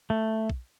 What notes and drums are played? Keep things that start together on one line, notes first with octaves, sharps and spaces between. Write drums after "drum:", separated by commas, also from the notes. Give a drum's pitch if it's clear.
A3
drum: kick